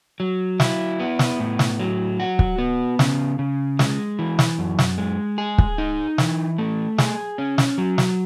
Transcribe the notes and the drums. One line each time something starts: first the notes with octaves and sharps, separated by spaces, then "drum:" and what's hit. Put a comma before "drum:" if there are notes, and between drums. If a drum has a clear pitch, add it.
F#3
E4, drum: snare
B3
drum: snare
A2
drum: snare
F#3
F#4
drum: kick
B3
C#3, drum: snare
C#3
G#3, drum: snare
E3
drum: snare
F#2
drum: snare
G#3
G#4
drum: kick
D#4
E3, drum: snare
A3
G#4, drum: snare
C#4
drum: snare
F#3
drum: snare